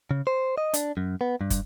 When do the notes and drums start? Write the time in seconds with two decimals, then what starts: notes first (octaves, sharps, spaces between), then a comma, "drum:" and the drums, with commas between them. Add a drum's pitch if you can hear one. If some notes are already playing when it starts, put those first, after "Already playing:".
0.11 C#3
0.27 C5
0.58 D#5
0.74 D4, drum: hi-hat
0.97 F#2
1.21 B3
1.41 G2
1.50 drum: kick, hi-hat